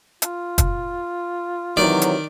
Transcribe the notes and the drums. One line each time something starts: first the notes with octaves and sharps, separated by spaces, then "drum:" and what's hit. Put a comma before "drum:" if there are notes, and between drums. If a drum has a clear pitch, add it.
F4, drum: hi-hat
drum: kick, hi-hat
C3 D#3 E3 F#3 D5
drum: hi-hat